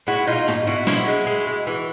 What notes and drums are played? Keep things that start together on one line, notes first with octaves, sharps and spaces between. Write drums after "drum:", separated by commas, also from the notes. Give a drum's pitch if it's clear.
G#3 E4 F#4
B2 D#4 F4
B2, drum: tom
B2 E4 F#4
F3 E4 F#4, drum: snare
G#3
G#3
G#3
E3